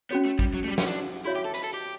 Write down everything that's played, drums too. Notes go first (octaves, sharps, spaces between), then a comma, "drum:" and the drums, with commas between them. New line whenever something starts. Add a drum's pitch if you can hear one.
B3 C#4 F#4 C#5
A3
G3, drum: kick
F#3
A3
G3
C#4, drum: snare
D4
E4 F#4 C#5 E5
G4
A4
B4, drum: hi-hat
A4
G4